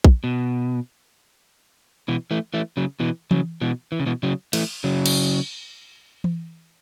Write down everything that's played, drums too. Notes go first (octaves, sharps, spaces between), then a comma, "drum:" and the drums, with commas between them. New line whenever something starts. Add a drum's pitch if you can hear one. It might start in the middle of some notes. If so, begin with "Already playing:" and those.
drum: kick
B2
B2 E3
E3 A3
E3 A3
C#3 F#3
B2 E3
C#3 F#3, drum: tom E3
B2 E3
E3
C#3
B2 E3
C#3 F#3
E3 A3, drum: cymbal
C#3 F#3
drum: cymbal
drum: tom E3